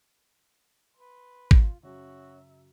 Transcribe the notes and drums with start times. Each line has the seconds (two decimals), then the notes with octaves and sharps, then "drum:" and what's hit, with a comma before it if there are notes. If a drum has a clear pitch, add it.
0.97 B4 C6
1.51 F4, drum: kick
1.83 F#2 C#3 C#4 F#4 E5